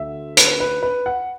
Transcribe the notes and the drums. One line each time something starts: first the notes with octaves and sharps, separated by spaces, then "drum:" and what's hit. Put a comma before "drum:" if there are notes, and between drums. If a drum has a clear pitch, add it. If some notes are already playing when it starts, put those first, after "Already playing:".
Already playing: D2 D3 E5
B4, drum: hi-hat
B4
B4
F#5